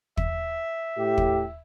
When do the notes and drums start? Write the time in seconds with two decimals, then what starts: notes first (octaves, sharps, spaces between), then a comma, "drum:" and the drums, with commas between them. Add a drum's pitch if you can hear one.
0.17 E5, drum: kick
0.98 A2 G4
1.18 drum: kick